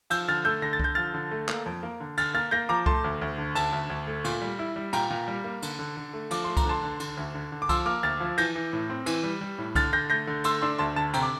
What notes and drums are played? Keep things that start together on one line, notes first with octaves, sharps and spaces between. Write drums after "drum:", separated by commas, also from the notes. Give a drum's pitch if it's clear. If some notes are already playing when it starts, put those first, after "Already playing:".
F3 E6 G6, drum: cymbal
D3 F6 A6
A3 E6 G6
D3 A#6
A6
D3 G6, drum: kick C2
F3 F6 A6
D3
A3
A#3, drum: clap
F2
A#3
D3
D3 F6 A6, drum: cymbal
A#3 F6 A6
A#3 G6 A#6
F3 A#5 D6
A3 A5 C6, drum: kick C2
D2
D2
D3
D2 A5, drum: cymbal
D2
D2
A3
A#2, drum: cymbal
G3
E4
G3
A#2 G5 A#5, drum: cymbal
A#2
G3
A#3
D3, drum: cymbal
D3
D3
A3
F3 D6, drum: cymbal
A3 C6
A#5, drum: kick C2, cymbal
D3 A5 C6
D3
D3, drum: cymbal
D2
D3
D3
D6
F3 C6 E6, drum: kick C2, cymbal
A#3 D6 F6
D2 F6 A6
F3
E3 G6 A#6, drum: cymbal
E3
A2
C4
E3, drum: cymbal
G3
G3
A2
D3 F6 A6, drum: kick C2, cymbal
D3 G6 A#6
A3 G6 A#6
D3
A3 C6 E6, drum: cymbal
D4 C6 E6
D2 A5 C6
D3 A5
C3 G5 A#5, drum: cymbal
D6